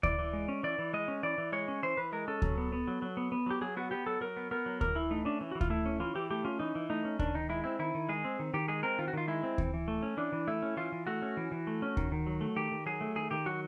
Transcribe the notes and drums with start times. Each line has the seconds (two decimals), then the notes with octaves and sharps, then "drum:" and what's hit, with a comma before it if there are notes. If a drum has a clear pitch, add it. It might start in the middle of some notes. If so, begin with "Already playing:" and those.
0.03 E3 D5, drum: kick D2
0.19 E3
0.33 G#3
0.48 C#4
0.63 E3 D5
0.79 E3
0.93 G#3 D#5
1.08 C#4
1.23 E3 D5
1.38 E3
1.52 G#3 C#5
1.68 C#4
1.83 E3 C5
1.97 E3 B4
2.12 G#3 A#4
2.28 C#4 A4
2.42 F#3, drum: kick D2
2.58 B3
2.72 B3
2.87 F#3
3.02 F#3
3.17 B3
3.32 B3
3.46 F#3 G4
3.61 F#3 G#4
3.77 B3 F#4
3.91 B3 G4
4.07 F#3 A4
4.21 F#3 A#4
4.37 B3
4.51 B3 A#4
4.66 F#3
4.81 E3 A#4, drum: kick D2
4.95 E3 E4
5.11 A3 D#4
5.25 C#4 D4
5.41 E3
5.51 F#4
5.55 E3
5.61 F4, drum: kick D2
5.70 A3 E4
5.86 C#4
6.00 E3 F4
6.15 E3 G4
6.30 A3 G4
6.45 C#4 F4
6.59 E3 D#4
6.75 E3
6.90 A3 D#4
7.05 C#4
7.19 D#3 D4, drum: kick D2
7.35 D#3 D#4
7.49 G#3 E4
7.64 C4 E4
7.79 D#3 E4
7.95 D#3
8.09 G#3 G#4
8.24 C4
8.39 D#3
8.54 D#3 G4
8.68 G#3 G#4
8.83 C4 A#4
8.98 D#3 F4
9.08 F#4
9.13 D#3 F4
9.28 G#3 E4
9.43 C4
9.58 E3, drum: kick D2
9.74 E3
9.88 A3
10.03 C#4
10.17 E3 D4
10.32 E3
10.48 A3 E4
10.62 C#4
10.77 E3 F4
10.92 E3
11.07 A3 F#4
11.22 C#4
11.37 E3
11.52 E3
11.67 A3
11.82 C#4
11.97 D#3, drum: kick D2
12.12 D#3
12.27 F#3
12.41 A3
12.56 D#3 G4
12.72 D#3
12.86 F#3 G#4
13.01 A3
13.16 D#3 G#4
13.31 D#3 G4
13.46 F#3 F#4